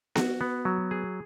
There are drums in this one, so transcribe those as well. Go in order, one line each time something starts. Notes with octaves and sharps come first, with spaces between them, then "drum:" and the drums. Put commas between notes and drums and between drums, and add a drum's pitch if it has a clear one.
F#4, drum: snare B3
B3
F#3
G#4